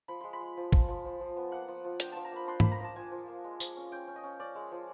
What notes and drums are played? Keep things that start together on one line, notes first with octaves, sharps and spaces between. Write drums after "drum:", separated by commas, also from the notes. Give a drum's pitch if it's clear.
F3 B5
G#3 C6
B5
G#3
F3
F3, drum: kick
F3
F3
F3
B3
A#3 F#5
F3
F3
D4 G5, drum: hi-hat
F3 A5
A#5
A#3 B5
D4 C6
A#3 B5, drum: tom G#2
A#5
F3 A5
F3 G#5
F3
A#3
G#3
F3, drum: tambourine
C#4
C#4 G5
C#4
D#5
C#4
C#4 D5
G#3
F3